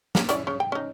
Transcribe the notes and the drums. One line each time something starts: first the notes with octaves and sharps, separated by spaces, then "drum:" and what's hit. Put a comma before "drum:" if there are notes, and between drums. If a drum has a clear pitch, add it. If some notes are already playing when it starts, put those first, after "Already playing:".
A#3 C#4, drum: snare
C#4 E4 D5, drum: hi-hat
C#3 C#4 C#5
G5
C#4 D#4